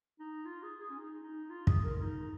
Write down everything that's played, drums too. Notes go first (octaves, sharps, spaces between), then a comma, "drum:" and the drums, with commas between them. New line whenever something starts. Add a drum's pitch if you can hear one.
D#4
F4
G#4
G#4
C#4
D#4
D#4
F4
G#4, drum: kick
A#4
D#4